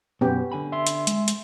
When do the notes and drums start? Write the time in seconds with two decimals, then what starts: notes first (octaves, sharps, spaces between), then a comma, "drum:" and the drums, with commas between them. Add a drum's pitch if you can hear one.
0.21 F#2 B2 B3 C#4 G4
0.52 D3 G#5 B5
0.72 E5 C6
0.87 drum: hi-hat
1.07 G#3, drum: hi-hat
1.28 drum: hi-hat